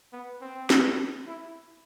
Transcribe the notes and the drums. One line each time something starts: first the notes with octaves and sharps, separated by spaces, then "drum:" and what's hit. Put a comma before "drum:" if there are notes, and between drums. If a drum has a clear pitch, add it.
B3
C4
drum: snare
E4